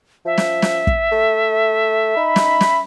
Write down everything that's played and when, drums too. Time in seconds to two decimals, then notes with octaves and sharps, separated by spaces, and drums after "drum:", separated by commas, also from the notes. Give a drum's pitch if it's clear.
0.26 F3 E5
0.38 drum: snare
0.62 drum: snare
0.87 drum: kick
1.12 A3
2.17 D#4 B5
2.36 drum: snare
2.61 drum: snare